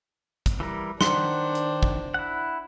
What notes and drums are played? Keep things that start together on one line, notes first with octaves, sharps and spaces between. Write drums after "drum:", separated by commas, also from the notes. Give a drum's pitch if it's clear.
drum: kick, hi-hat
E3 G3 A#4
D#3 D4 C5 F#5 C6, drum: snare
drum: hi-hat
drum: kick
E4 F#5